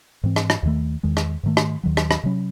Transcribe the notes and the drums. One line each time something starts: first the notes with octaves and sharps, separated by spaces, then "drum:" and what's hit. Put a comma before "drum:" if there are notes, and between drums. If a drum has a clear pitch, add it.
G#2 E3 C4
drum: rim click
drum: rim click
D#2 D#3 A3
E2 D#3 G#3
drum: rim click
G#2 D#3 A3
drum: rim click
D#2 D#3 F#3
drum: rim click
drum: rim click
C3 F#3 C#4